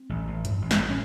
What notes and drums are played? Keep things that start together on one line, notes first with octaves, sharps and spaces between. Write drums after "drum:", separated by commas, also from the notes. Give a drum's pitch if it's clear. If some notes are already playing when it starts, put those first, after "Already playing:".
Already playing: C4
A1
A1
G2, drum: hi-hat
A1
drum: snare
A1
C#4